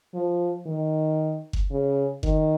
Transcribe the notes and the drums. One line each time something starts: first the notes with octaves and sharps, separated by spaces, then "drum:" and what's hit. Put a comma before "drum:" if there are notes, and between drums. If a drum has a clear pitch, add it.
F3
D#3
drum: kick F#1
C#3
D#3, drum: kick F#1